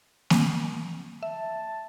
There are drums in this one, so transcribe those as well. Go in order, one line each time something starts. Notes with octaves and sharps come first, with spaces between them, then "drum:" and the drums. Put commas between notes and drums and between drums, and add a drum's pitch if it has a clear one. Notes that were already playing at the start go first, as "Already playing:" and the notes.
drum: snare A#3
E5 A5